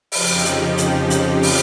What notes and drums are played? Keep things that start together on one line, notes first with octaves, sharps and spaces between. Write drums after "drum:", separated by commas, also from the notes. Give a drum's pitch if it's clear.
F2 C#3 F3 D#4 G4, drum: open hi-hat
drum: hi-hat
D#4 G4, drum: hi-hat
drum: hi-hat
drum: open hi-hat